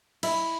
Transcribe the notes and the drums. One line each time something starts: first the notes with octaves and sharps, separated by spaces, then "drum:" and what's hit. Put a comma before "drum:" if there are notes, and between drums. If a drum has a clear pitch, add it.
E4, drum: cymbal